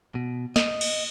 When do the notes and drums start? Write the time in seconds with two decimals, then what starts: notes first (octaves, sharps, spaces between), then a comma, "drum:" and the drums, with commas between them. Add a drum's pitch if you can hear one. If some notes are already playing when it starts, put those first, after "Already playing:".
0.15 B2
0.56 D#5, drum: snare
0.81 drum: cymbal